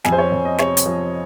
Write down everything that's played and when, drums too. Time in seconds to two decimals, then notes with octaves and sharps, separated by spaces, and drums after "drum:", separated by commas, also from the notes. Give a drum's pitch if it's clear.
0.04 F2 G#5, drum: snare
0.12 C5
0.18 C#5
0.32 F2
0.45 D#5
0.58 C3 C#5, drum: snare
0.77 drum: hi-hat
0.86 F3